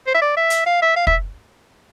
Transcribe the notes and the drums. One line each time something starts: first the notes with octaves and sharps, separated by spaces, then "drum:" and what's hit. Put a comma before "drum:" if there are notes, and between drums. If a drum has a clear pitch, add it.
C5
E5
D5
E5
drum: hi-hat
F5
E5
F5
E5, drum: kick